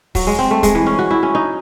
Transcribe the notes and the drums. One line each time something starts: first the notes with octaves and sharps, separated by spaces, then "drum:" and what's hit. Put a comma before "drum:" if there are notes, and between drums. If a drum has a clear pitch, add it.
F#3, drum: kick, open hi-hat
G#3
C4
A3
G#3, drum: kick, hi-hat
E3
C#4
F#4
E4
C#4
D#4